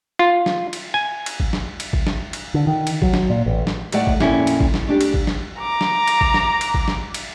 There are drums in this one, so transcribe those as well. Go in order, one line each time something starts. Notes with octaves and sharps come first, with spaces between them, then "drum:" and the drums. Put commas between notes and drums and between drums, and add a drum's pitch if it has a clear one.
F4
drum: snare
drum: cymbal
G#5
drum: cymbal
drum: kick
drum: snare
drum: cymbal
drum: kick
drum: snare
drum: cymbal
D3
D#3
drum: cymbal
F#3, drum: kick
drum: snare
A#2
A1
drum: snare
D#2 A2 A3 D5 F#5, drum: cymbal
drum: kick
F2 A#2 A#3 C#4 E4, drum: snare
drum: cymbal
drum: kick
drum: snare
A3 D4 G4
drum: cymbal
drum: kick
drum: snare
A#5 D6
drum: snare
drum: cymbal
drum: kick
drum: snare
drum: cymbal
drum: kick
drum: snare
drum: cymbal